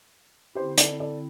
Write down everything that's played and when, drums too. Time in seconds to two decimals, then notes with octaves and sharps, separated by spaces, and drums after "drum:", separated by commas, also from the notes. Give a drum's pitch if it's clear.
0.55 D3 C4 E4 G4 C5
0.78 A4 D5, drum: hi-hat
1.00 A4 D5